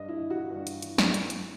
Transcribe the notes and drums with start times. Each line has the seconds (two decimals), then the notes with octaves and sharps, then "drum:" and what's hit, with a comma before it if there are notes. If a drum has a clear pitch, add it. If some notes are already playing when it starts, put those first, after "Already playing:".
Already playing: G2 D#5
0.08 E4
0.19 E3
0.30 F#4
0.50 G2
0.67 drum: hi-hat
0.82 E3, drum: hi-hat
0.98 drum: snare
1.14 drum: hi-hat
1.30 drum: hi-hat